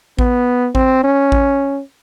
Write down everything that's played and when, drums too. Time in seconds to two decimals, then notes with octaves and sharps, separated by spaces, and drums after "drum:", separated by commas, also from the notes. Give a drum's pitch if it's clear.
0.19 B3, drum: kick A1
0.75 C4, drum: kick A1
1.04 C#4
1.32 drum: kick A1